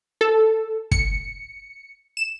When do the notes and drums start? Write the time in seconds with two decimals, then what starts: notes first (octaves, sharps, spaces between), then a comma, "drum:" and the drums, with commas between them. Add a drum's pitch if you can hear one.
0.21 A4
0.91 C#7, drum: kick
2.17 E7